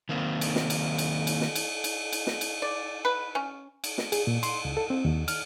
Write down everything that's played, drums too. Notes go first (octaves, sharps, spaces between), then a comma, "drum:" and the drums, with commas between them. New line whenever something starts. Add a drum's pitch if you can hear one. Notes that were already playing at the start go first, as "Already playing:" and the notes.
D#3 A#3 C4
drum: cymbal
drum: snare
drum: cymbal
drum: cymbal
drum: cymbal
drum: snare
drum: cymbal
drum: cymbal
drum: cymbal
drum: snare
drum: cymbal
D5
B4
C#4
drum: cymbal
drum: snare
G#4, drum: cymbal
A#2
C6, drum: cymbal
C#2
A4
C4
D#2
F6, drum: cymbal